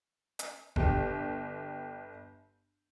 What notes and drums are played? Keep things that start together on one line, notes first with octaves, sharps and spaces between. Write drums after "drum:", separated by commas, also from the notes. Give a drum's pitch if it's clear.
drum: hi-hat
G1 G4, drum: kick F#1